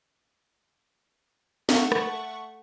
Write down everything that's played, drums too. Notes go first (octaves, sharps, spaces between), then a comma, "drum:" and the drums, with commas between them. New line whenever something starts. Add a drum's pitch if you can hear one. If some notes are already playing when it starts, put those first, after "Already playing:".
A3 F#5 C#6, drum: snare
drum: rim click